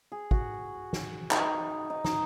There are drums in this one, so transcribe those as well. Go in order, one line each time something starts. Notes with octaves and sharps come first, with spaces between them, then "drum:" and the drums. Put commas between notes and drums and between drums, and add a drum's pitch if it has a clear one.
G#4
F#4, drum: kick
drum: snare
D#4, drum: clap
D#4
D#4, drum: snare